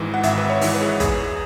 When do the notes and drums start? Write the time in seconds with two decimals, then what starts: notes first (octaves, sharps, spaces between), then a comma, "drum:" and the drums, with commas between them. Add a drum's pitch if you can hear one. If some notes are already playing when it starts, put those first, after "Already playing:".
Already playing: G#1 G#2 E3
0.14 F#5
0.23 G#1 E5, drum: hi-hat
0.38 B4
0.50 C#5
0.61 G#2 E3, drum: open hi-hat
0.74 B4
0.81 G#4
0.89 B4
1.00 E2 G#4, drum: kick, hi-hat